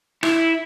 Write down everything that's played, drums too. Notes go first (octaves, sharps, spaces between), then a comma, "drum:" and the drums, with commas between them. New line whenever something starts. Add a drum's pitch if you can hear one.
E4, drum: rim click